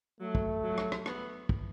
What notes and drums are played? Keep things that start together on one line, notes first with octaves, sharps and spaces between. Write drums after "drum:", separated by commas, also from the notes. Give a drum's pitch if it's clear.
F#3 A3
drum: kick
F#3
drum: rim click
drum: rim click
B3, drum: rim click
drum: kick